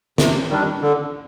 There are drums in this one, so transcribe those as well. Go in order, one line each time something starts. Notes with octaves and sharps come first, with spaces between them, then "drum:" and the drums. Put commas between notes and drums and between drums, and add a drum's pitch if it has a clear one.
C3, drum: snare
D#3 G3 D4
D3